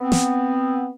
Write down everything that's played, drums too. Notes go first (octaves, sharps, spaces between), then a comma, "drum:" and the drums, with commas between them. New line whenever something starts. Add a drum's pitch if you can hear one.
B3 C4
drum: snare